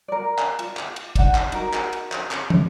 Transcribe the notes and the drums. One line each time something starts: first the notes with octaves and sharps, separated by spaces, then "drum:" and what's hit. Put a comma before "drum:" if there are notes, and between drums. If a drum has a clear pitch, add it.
A#4 D5
drum: clap
F4, drum: cymbal
drum: clap
drum: cymbal
D4 D#4 F#5, drum: kick, cymbal
drum: clap
D#4 F#4 A#4, drum: cymbal
drum: clap
drum: cymbal
drum: clap
drum: clap
drum: tom